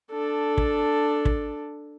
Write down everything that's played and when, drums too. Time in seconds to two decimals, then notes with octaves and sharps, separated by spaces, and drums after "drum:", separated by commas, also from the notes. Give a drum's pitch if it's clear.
0.11 D4 A4
0.57 drum: kick
1.25 drum: kick